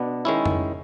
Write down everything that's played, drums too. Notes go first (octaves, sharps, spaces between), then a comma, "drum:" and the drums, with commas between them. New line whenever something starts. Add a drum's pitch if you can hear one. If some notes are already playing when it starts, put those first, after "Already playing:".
Already playing: B2 B3 D4
D#3 G#3 C#4 E4
drum: tom F2